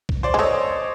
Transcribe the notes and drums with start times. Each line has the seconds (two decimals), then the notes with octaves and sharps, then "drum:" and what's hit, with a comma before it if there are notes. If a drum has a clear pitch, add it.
0.09 drum: kick B1
0.23 C5 D5
0.34 G#3
0.39 A3 C#5 D#5